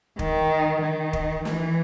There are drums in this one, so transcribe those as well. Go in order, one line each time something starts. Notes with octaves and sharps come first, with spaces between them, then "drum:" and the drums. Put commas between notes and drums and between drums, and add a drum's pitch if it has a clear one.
D#3, drum: kick
D#3
drum: kick
E3, drum: snare